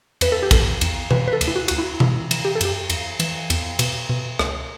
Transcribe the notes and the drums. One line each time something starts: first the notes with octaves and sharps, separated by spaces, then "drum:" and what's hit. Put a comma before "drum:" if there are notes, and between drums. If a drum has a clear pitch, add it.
E2 B4, drum: cymbal
A4
G4
E2 A4, drum: kick, cymbal
E2, drum: cymbal
E3 B4, drum: tom B2
B4
A4
D2, drum: cymbal
E4
F#4
D2 F#4, drum: cymbal
E4
E3 E4, drum: tom B2
E3, drum: cymbal
G4
A4
F#2 G4, drum: cymbal
E2, drum: cymbal
E3, drum: cymbal
E2, drum: cymbal
B2, drum: cymbal
B2
C#2, drum: rim click